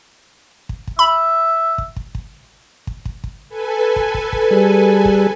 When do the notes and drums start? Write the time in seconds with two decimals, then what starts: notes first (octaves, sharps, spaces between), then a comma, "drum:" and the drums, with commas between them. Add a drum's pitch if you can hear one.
0.69 drum: kick
0.87 drum: kick
0.99 E5 B5
1.78 drum: kick
1.96 drum: kick
2.15 drum: kick
2.87 drum: kick
3.05 drum: kick
3.24 drum: kick
3.49 A4 B4 G#5
3.96 drum: kick
4.14 drum: kick
4.33 drum: kick
4.51 G3 G#4
5.05 drum: kick